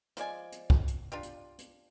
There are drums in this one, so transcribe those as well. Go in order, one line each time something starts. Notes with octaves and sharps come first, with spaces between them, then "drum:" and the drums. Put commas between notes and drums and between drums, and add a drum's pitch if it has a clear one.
F3 G#3 D5 G#5, drum: hi-hat
drum: hi-hat
drum: kick
drum: hi-hat
D4 F4 G4
drum: hi-hat
drum: hi-hat